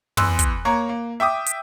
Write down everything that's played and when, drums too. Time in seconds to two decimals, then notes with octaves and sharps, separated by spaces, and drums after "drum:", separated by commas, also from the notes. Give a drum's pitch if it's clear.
0.17 E2 C6 E6 F#6, drum: tom
0.39 drum: kick, hi-hat
0.65 A#3 C#5 A#5
0.89 A#3
1.20 E5 G5 D6 D#6
1.46 drum: hi-hat